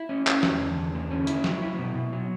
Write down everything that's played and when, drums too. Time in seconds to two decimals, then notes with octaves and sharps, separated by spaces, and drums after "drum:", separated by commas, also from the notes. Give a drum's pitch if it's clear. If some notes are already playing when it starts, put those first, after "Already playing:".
Already playing: E4
0.09 C#4
0.27 C#4, drum: clap
0.43 E2, drum: snare
0.61 D3
0.77 E2
0.95 D3
1.11 C#4
1.27 E4, drum: hi-hat
1.44 F#3, drum: snare
1.62 E4
1.79 B2
1.95 B2
2.13 F#3